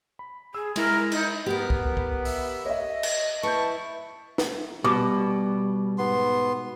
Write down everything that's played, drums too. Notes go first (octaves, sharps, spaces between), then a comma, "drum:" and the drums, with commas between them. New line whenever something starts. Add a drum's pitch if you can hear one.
B5
G#4 E6
G#3 E4 A#4, drum: cymbal
D#4, drum: cymbal
B3 G4 A#4
drum: kick
drum: kick
E5, drum: open hi-hat
C#5 D#5 E5
drum: cymbal
E4 B4 A5 C#6 G6
drum: snare
B2 G3 D6
G#2 B3 C6